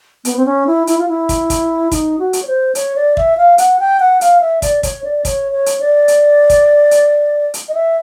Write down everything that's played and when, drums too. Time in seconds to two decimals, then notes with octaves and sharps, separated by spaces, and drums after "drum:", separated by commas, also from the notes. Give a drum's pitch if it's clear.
0.25 B3, drum: hi-hat
0.37 C4
0.46 C#4
0.67 E4
0.87 E4, drum: hi-hat
0.99 F4
1.09 E4
1.29 drum: kick, hi-hat
1.50 drum: kick, hi-hat
1.92 D#4, drum: kick, hi-hat
2.19 F#4
2.33 drum: hi-hat
2.42 C#5
2.47 C5
2.75 C#5, drum: hi-hat
2.96 D5
3.17 E5, drum: kick
3.37 F5
3.58 F#5, drum: hi-hat
3.79 G5
4.00 F#5
4.21 F5, drum: hi-hat
4.41 E5
4.62 D5, drum: kick, hi-hat
4.83 C#5, drum: kick, hi-hat
5.04 D5
5.25 C#5, drum: kick, hi-hat
5.52 C#5
5.66 drum: hi-hat
5.80 D5
6.08 drum: hi-hat
6.50 drum: kick, hi-hat
6.91 drum: hi-hat
7.54 drum: hi-hat
7.69 D#5
7.74 E5